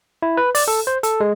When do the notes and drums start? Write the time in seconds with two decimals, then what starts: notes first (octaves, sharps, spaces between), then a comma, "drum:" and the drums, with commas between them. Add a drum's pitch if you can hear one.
0.22 E4
0.37 B4
0.55 D5, drum: open hi-hat
0.68 A4
0.87 C5
1.03 A4, drum: hi-hat
1.20 G#3